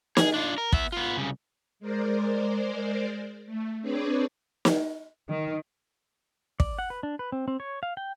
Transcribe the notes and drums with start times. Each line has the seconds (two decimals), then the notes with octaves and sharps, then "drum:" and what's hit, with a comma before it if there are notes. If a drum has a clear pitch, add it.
0.17 G#4, drum: snare
0.34 D4 F4
0.58 A#4
0.72 B3 E5, drum: kick
0.92 B3 F4
1.17 C2 C#3
1.80 G#3 A#4 C5 D5
3.46 A3
3.81 C4 D4 G#4 B4 C#5 D5
4.65 drum: snare
5.29 D#3
6.60 D5, drum: kick
6.79 F#5
6.90 B4
7.03 D4
7.19 B4
7.32 C4
7.48 C4
7.60 C#5
7.83 F5
7.97 G5